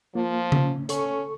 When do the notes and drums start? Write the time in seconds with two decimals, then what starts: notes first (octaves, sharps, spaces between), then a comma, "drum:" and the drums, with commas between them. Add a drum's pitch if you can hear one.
0.15 F3 A#3 F4
0.52 C#4, drum: tom C#3
0.89 C#4 A4 C#6, drum: hi-hat